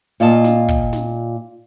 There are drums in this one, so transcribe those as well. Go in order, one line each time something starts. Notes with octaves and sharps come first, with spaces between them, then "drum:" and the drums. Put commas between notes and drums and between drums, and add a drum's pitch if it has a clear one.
A#2 F4 D#5 A5
drum: snare
drum: kick
drum: snare